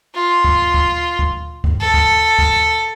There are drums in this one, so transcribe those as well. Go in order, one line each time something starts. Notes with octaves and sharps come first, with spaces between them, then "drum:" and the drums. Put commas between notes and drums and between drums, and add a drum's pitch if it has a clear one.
F4
drum: kick
drum: kick
drum: kick
drum: kick
A4
drum: kick
drum: kick